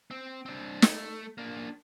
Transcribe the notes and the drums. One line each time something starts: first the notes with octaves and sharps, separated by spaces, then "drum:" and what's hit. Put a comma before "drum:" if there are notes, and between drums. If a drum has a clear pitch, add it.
C4
C4 D4
A3, drum: snare
A#3 D4